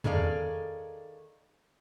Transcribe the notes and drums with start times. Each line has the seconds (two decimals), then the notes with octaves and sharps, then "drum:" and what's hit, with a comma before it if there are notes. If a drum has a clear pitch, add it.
0.04 D#3 G#4 A4 D5 F5, drum: tom E2